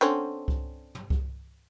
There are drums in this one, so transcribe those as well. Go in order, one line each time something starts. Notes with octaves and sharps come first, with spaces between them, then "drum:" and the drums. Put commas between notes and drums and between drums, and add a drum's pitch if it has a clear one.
D3 C4 C#4
drum: kick C2
drum: tom
drum: kick C2